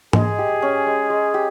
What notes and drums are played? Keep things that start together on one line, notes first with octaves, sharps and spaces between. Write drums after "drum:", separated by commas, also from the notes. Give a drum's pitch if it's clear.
G#3 G#4, drum: tom G#2
G4
C#4
G#3
G#3
G4